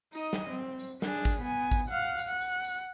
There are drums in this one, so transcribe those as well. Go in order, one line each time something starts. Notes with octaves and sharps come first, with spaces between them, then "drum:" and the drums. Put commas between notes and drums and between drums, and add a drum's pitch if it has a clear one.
D#4 D#5, drum: tambourine
drum: snare
C4
drum: tambourine
D4 G#4, drum: snare
drum: kick G#1, tambourine
B3 G#5
drum: kick G#1, tambourine
F5 F#5
drum: tambourine
F#5
drum: tambourine
drum: tambourine